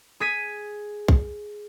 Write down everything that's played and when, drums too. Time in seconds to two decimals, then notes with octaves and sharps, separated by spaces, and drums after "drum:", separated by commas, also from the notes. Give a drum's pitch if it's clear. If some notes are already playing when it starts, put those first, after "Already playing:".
0.20 G#4 G#6 B6 D#7
1.08 drum: kick B1